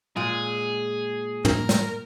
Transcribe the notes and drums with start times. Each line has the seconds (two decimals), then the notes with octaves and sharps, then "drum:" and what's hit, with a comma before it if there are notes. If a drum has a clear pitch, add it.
0.16 A#2 G#3 G#4
1.45 A#4, drum: tom
1.69 drum: snare